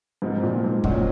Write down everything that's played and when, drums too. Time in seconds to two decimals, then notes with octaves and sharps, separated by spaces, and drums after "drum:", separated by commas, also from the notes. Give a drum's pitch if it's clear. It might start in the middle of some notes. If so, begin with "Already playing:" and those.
0.22 G#2 C3 F3 C4 D#4 A#4
0.43 A#2
0.64 G#2
0.84 A#2 F#3 C#4 F#4 C5 D#5, drum: kick